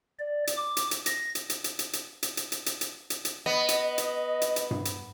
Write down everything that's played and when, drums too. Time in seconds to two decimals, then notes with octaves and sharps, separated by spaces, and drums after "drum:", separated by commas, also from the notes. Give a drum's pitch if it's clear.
0.19 D5
0.47 drum: hi-hat
0.57 D6
0.77 drum: hi-hat
0.91 drum: hi-hat
1.06 A#6, drum: hi-hat
1.35 drum: hi-hat
1.50 drum: hi-hat
1.64 drum: hi-hat
1.79 drum: hi-hat
1.93 drum: hi-hat
2.23 drum: hi-hat
2.37 drum: hi-hat
2.52 drum: hi-hat
2.66 drum: hi-hat
2.81 drum: hi-hat
3.10 drum: hi-hat
3.25 drum: hi-hat
3.46 B3 D#5
3.69 drum: hi-hat
3.98 drum: hi-hat
4.42 drum: hi-hat
4.56 drum: hi-hat
4.71 drum: tom G2
4.85 drum: hi-hat